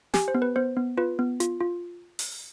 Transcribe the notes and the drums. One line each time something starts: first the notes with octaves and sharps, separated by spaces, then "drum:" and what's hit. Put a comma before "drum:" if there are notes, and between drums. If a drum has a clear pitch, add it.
G4 G#5, drum: snare
C5
B3
B4
B3 C5
B3
F4 B4
B3
F4, drum: hi-hat
F4
drum: open hi-hat